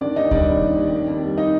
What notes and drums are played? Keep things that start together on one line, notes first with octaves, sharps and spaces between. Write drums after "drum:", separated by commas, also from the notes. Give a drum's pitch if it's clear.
D#3 D4 D5
D#2 D#4 D#5
G3 D4 D5, drum: kick D2
D#2
D#3
D#2
D#3
F2
G3
D#4 D#5